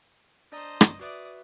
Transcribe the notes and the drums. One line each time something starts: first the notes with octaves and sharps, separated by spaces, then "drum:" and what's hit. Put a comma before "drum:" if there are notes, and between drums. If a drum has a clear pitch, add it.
D4 C5 D5 D#5 A#5
drum: rim click
F#4 B4 D5 E5 D#6